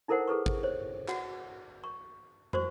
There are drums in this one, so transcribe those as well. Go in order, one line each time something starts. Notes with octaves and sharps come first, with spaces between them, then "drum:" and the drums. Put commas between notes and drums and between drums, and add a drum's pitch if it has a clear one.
D#4 E4 A4 A#4 C5 F#5
G#4 A4 B4 C#6
drum: kick G#1
C5 C#5
F#4 F#5, drum: clap
C#6
F#4 C5 C#6, drum: tom